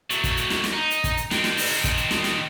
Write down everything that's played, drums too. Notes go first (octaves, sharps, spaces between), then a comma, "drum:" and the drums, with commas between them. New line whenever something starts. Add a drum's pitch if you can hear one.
F#3 A3, drum: hi-hat
drum: kick, hi-hat
drum: hi-hat
drum: snare
drum: snare
D#4
drum: hi-hat
drum: kick, hi-hat
drum: hi-hat
D#3 C4, drum: snare
drum: snare
drum: open hi-hat
drum: kick, hi-hat
drum: hi-hat
drum: snare
drum: snare